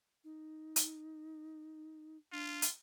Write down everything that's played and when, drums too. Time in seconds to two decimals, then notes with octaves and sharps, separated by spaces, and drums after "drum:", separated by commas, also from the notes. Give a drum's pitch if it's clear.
0.24 D#4
0.76 drum: hi-hat
2.32 D4 F4
2.62 drum: hi-hat